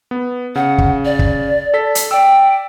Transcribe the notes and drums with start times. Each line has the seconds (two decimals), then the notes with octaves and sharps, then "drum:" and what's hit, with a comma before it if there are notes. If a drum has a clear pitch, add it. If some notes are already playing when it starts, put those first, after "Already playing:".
0.11 B3
0.55 C#3 F#5
0.78 drum: kick
1.05 D5
1.19 drum: kick
1.74 A4 B6
1.95 drum: hi-hat
2.11 D5 G5 E6